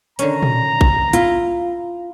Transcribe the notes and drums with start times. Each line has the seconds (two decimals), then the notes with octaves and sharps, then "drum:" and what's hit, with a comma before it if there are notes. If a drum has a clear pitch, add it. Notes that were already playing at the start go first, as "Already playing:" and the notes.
0.19 D3 D#3 C#4 A#5, drum: hi-hat
0.43 drum: tom A#2
0.81 drum: kick
1.13 E4 F4, drum: hi-hat